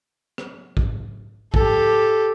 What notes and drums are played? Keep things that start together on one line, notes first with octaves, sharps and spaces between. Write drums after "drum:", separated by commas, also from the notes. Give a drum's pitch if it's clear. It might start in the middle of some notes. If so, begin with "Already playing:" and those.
drum: rim click
drum: kick
G4 A4, drum: kick